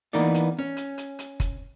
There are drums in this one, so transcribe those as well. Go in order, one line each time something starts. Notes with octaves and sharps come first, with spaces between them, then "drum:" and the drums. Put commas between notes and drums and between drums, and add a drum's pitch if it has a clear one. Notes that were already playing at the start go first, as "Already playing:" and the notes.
E3 A#3 B3 D#4 D5
drum: hi-hat
C#4
drum: hi-hat
drum: hi-hat
drum: hi-hat
drum: kick F#1, hi-hat